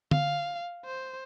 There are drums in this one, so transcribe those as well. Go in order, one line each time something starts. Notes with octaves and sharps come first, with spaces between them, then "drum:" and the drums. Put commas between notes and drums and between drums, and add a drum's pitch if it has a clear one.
F5, drum: tom D3
C5